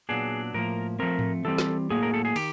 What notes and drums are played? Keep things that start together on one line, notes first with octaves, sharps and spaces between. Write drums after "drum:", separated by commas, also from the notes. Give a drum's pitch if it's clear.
A#2 F#3 B3 D4 G#4
A2 F3 A#3 A#4
F3 A3 C4 A#4
drum: tom G#2
E3 G3 C4 A4
drum: snare
A2 F#3 A#3 G#4
A#4
A4
G#4
D#3 G4, drum: cymbal